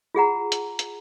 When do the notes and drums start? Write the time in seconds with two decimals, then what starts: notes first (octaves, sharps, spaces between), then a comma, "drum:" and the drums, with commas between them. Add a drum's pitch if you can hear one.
0.15 F4 G#4 F#5 A#5
0.52 drum: hi-hat
0.79 drum: hi-hat